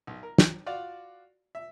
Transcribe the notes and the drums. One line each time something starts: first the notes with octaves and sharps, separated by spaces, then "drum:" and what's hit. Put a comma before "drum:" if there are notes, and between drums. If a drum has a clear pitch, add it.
B1
A#4
drum: snare
F4 F#4 D5 F5
E5